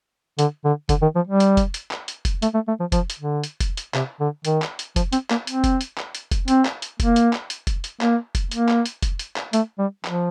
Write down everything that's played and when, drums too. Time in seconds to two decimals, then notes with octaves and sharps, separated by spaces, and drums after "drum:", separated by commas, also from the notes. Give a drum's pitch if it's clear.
0.39 D3, drum: hi-hat
0.65 D3
0.89 D3, drum: kick F1, hi-hat
1.02 D#3
1.15 F3
1.27 G3
1.40 drum: hi-hat
1.57 drum: kick F1, hi-hat
1.74 drum: hi-hat
1.91 drum: clap
2.08 drum: hi-hat
2.25 drum: kick F1, hi-hat
2.42 A3, drum: hi-hat
2.54 A3
2.68 A3
2.80 F3
2.92 F3, drum: kick F1, hi-hat
3.10 drum: hi-hat
3.19 D3
3.44 drum: hi-hat
3.60 drum: kick F1, hi-hat
3.77 drum: hi-hat
3.94 C3, drum: clap
4.20 D3
4.45 D#3, drum: hi-hat
4.62 drum: clap
4.79 drum: hi-hat
4.96 F3, drum: kick F1, hi-hat
5.13 C4, drum: hi-hat
5.30 A#3, drum: clap
5.47 C4, drum: hi-hat
5.64 drum: kick F1, hi-hat
5.81 drum: hi-hat
5.98 drum: clap
6.15 drum: hi-hat
6.31 drum: kick F1, hi-hat
6.48 C4, drum: hi-hat
6.65 drum: clap
6.82 drum: hi-hat
7.00 A#3, drum: kick F1, hi-hat
7.16 drum: hi-hat
7.33 drum: clap
7.50 drum: hi-hat
7.67 drum: kick F1, hi-hat
7.84 drum: hi-hat
8.01 A#3, drum: clap
8.35 drum: kick F1, hi-hat
8.51 A#3, drum: hi-hat
8.69 drum: clap
8.86 drum: hi-hat
9.02 drum: kick F1, hi-hat
9.19 drum: hi-hat
9.36 drum: clap
9.53 A3, drum: hi-hat
9.79 G3
10.05 F3, drum: clap